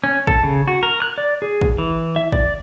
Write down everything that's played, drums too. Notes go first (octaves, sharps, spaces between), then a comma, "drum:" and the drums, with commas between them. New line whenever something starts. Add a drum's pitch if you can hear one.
C#4
A4, drum: kick
C#3
F#4
A#4
F#6
D5
G#4
drum: kick
E3
E5
D5, drum: kick